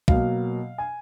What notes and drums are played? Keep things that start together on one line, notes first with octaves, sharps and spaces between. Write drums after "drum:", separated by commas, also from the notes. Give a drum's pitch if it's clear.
B2 F#3 A#3 F5, drum: kick B1
G#5